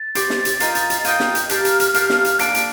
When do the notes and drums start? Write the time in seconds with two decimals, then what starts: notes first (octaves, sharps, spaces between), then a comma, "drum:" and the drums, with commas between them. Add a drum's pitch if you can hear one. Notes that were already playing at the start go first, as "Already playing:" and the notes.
Already playing: A6
0.15 C4 G4 D5, drum: hi-hat
0.30 drum: snare
0.45 drum: hi-hat
0.60 F4 A#4 D#5 G5, drum: hi-hat
0.75 drum: hi-hat
0.90 drum: hi-hat
1.04 F4 A#4 D#5 G5 G6, drum: hi-hat
1.20 drum: snare
1.35 drum: hi-hat
1.49 G4 A#4 F5 A5 F6, drum: hi-hat
1.65 drum: hi-hat
1.80 drum: hi-hat
1.94 G4 A#4 F5 A5, drum: hi-hat
2.10 drum: snare
2.25 drum: hi-hat
2.39 A#3 D4 A4 D5 D7, drum: hi-hat
2.55 drum: hi-hat